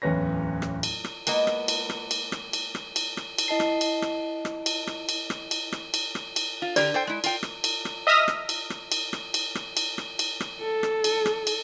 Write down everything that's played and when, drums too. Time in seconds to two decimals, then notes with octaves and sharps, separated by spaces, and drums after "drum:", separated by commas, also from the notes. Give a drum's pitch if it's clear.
0.02 D1 E2 C#4 B4 C#5 A#6
0.62 drum: rim click
0.83 drum: cymbal
1.04 drum: rim click
1.27 G#3 A#3 B3 D#5, drum: cymbal
1.47 drum: rim click
1.68 drum: cymbal
1.90 drum: rim click
2.11 drum: cymbal
2.32 drum: rim click
2.53 drum: cymbal
2.75 drum: rim click
2.96 drum: cymbal
3.17 drum: rim click
3.38 drum: cymbal
3.48 E4 D#5 A5 C7
3.60 drum: rim click
3.81 drum: cymbal
4.02 drum: rim click
4.45 drum: rim click
4.66 drum: cymbal
4.87 drum: rim click
5.09 drum: cymbal
5.30 drum: rim click
5.51 drum: cymbal
5.72 drum: rim click
5.94 drum: cymbal
6.15 drum: rim click
6.36 drum: cymbal
6.62 F4
6.76 D3 G4 A#4 D5, drum: cymbal
6.94 A4 C5 G5
7.07 G#3 E4
7.24 F4 G5, drum: cymbal
7.43 drum: rim click
7.64 drum: cymbal
7.85 drum: rim click
8.07 D#5 E5 D#6 F6 A#6
8.28 drum: rim click
8.49 drum: cymbal
8.70 drum: rim click
8.92 drum: cymbal
9.13 drum: rim click
9.34 drum: cymbal
9.55 drum: rim click
9.77 drum: cymbal
9.98 drum: rim click
10.19 drum: cymbal
10.40 drum: rim click
10.62 A4
10.83 drum: rim click
11.04 drum: cymbal
11.26 drum: rim click
11.47 drum: cymbal